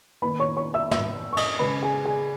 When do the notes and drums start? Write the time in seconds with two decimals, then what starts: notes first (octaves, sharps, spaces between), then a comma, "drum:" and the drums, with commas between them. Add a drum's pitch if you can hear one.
0.22 D#3 A#3 D#4 B4 B5
0.40 C#5 C#6
0.57 C#5 C#6
0.74 E5 E6
0.91 E5 E6, drum: snare
1.33 C#6
1.37 D#5 D#6, drum: cymbal
1.59 C#3 G#3 C#4 B4 B5
1.82 G#4 G#5
2.05 G#4 G#5